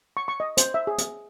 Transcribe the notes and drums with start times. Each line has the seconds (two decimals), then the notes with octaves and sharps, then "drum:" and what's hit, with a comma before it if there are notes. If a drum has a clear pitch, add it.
0.17 C#6
0.28 C#6
0.40 D#5
0.57 C5, drum: hi-hat
0.74 E5
0.87 G#4
0.98 drum: hi-hat